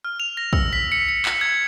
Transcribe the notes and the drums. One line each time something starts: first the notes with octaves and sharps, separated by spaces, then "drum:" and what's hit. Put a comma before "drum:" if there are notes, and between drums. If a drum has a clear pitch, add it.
F6
F7
A#6
E6, drum: kick
B6
C#7
C#7
drum: clap
G#6